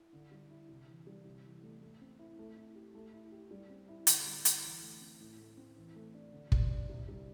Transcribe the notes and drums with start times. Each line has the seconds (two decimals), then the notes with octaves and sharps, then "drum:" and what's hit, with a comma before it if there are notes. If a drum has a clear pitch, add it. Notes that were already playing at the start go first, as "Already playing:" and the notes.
Already playing: E4
0.13 D3
0.32 G3
0.51 E4
0.68 C3
0.87 E3
1.07 G3
1.25 C3
1.44 E3
1.63 A3
1.81 A3
2.01 C4
2.19 E4
2.39 A3
2.56 E4
2.75 G4
2.95 A3
3.13 E4
3.32 G4
3.51 G3
3.70 C4
3.88 E4
4.07 D3, drum: hi-hat
4.26 G3
4.45 E4, drum: hi-hat
4.64 E3
4.82 A3
5.01 C4
5.20 A2
5.39 A3
5.57 C4
5.76 E3
5.95 A3
6.14 D4
6.32 D3
6.52 G3, drum: kick
6.70 D4
6.89 C3
7.08 G3